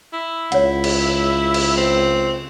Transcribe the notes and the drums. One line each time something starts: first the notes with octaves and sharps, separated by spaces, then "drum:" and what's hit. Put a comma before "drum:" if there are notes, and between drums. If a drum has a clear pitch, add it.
E4
C#2 C#5 F#5, drum: hi-hat
drum: cymbal
drum: cymbal
C4